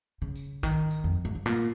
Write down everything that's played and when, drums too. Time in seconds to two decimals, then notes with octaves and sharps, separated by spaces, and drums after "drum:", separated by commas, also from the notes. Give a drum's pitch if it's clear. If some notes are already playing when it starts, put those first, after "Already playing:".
0.22 C#3
0.36 drum: tambourine
0.63 D#3, drum: kick, tambourine
0.91 drum: tambourine
1.04 F2
1.25 G#2
1.35 F#2
1.46 A#2, drum: tambourine